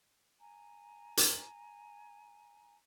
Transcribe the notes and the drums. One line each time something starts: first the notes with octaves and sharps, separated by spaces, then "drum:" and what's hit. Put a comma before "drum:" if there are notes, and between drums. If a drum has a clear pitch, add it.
G#5 A#5
drum: hi-hat